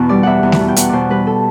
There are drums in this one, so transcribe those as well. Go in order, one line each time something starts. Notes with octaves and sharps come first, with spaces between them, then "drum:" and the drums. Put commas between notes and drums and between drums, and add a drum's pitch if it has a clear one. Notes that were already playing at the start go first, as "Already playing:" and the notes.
Already playing: E2 B2
G3 D5
E2 E5 F#5
E2
F#5, drum: snare A3
B2
G5
E2 F#5, drum: hi-hat
B2 C5 D5
G3 B4
A4